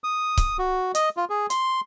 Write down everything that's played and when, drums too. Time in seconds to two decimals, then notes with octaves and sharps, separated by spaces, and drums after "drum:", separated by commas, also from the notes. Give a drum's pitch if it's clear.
0.04 D#6
0.37 drum: kick C#1, hi-hat
0.59 F#4
0.95 D#5, drum: hi-hat
1.17 F4
1.30 G#4
1.50 C6, drum: hi-hat